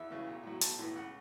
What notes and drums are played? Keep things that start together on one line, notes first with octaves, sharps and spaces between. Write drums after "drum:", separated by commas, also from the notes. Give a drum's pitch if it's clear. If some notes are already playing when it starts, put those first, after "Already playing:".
Already playing: E2 E5
C#3 E3 A3
B1
A2 F#3
B1 A5, drum: hi-hat
A2 E3 B3
C#2 F#5